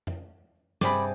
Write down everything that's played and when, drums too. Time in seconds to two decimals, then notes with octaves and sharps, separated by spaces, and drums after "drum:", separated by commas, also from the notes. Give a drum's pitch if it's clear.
0.07 drum: tom F2
0.81 G2 C3 G#4 D5 B5, drum: snare